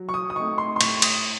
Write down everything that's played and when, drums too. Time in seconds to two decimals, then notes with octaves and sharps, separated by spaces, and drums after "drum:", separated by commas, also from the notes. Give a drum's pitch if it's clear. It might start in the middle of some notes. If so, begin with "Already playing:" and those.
Already playing: F#3
0.09 C#6
0.14 D#6
0.30 D#6
0.35 A3 C4 D#4 C#6
0.58 C6
0.76 C6
0.81 A2 C#6, drum: cymbal
1.02 D#6, drum: cymbal